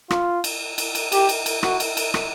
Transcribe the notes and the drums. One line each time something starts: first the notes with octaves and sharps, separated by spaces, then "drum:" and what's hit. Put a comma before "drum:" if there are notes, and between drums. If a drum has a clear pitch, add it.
F4, drum: rim click
drum: cymbal
drum: cymbal
drum: cymbal
G4, drum: cymbal
drum: cymbal
drum: cymbal
F#4, drum: rim click
drum: cymbal
drum: cymbal
drum: rim click